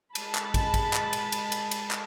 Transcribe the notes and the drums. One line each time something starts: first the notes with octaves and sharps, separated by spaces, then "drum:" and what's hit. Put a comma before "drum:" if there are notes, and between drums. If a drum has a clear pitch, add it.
G#3 A5 B5, drum: cymbal
drum: clap
drum: kick, cymbal
drum: kick, cymbal
drum: clap
drum: cymbal
drum: cymbal
drum: cymbal
drum: cymbal
drum: clap